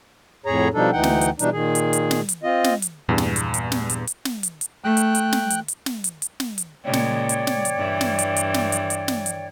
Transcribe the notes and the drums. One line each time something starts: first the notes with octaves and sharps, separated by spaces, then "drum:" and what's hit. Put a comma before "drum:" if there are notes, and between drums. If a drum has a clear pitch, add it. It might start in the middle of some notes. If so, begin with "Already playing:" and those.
F2 A2 G#4 C#5 A#5
B2 F3 G3 D4 D#4 A4
D2 E3 D#4 F#5 G5
drum: snare
drum: hi-hat
B2 E3 G3 D4 D#4, drum: hi-hat
A#2 D#3 G#4
drum: hi-hat
drum: hi-hat
drum: snare
drum: hi-hat
C4 F4 D#5
drum: snare
drum: hi-hat
E2 G2 A#2 G3 B3
drum: snare
drum: hi-hat
drum: hi-hat
drum: snare
drum: hi-hat
drum: hi-hat
drum: snare
drum: hi-hat
drum: hi-hat
A3 G5 F#6
drum: hi-hat
drum: hi-hat
drum: snare
drum: hi-hat
drum: hi-hat
drum: snare
drum: hi-hat
drum: hi-hat
drum: snare
drum: hi-hat
A#2 C#3 G#3 C#5 D5 G5
drum: snare
drum: hi-hat
drum: snare
drum: hi-hat
G2 E3
drum: snare
drum: hi-hat
drum: hi-hat
drum: snare
drum: hi-hat
drum: hi-hat
drum: snare
drum: hi-hat